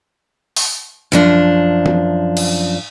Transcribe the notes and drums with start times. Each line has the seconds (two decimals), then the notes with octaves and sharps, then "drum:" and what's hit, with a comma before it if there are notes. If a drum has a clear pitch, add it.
0.57 drum: open hi-hat
1.12 F#2 F3 D4
1.86 drum: tom E3
2.37 drum: cymbal